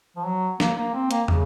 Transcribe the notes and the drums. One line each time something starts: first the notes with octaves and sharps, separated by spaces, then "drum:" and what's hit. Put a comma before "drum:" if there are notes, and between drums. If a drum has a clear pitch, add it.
F3
F#3
A#3, drum: snare
A#3
C4
A#3, drum: hi-hat
C#3, drum: tom